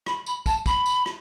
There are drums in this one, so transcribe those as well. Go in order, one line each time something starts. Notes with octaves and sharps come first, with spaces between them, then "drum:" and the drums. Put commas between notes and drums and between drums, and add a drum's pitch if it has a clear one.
B5, drum: rim click
B5, drum: tambourine
A5, drum: kick, tambourine
B5, drum: kick, tambourine
drum: tambourine
drum: rim click